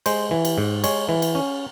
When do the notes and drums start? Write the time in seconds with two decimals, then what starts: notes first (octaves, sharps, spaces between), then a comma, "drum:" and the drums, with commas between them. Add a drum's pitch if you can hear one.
0.06 G#3 C5, drum: cymbal
0.31 E3
0.45 drum: cymbal
0.58 G#2
0.84 G#3 C#5, drum: cymbal
1.09 E3
1.22 drum: cymbal
1.35 C#4